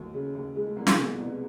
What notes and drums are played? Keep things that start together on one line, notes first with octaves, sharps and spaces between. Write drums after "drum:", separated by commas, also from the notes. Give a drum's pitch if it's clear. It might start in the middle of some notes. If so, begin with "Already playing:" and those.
Already playing: D#2 F#3 A3
C#3
D#2
G#3
A3
C2 A#3
A3, drum: snare
B2 B3
C2 B3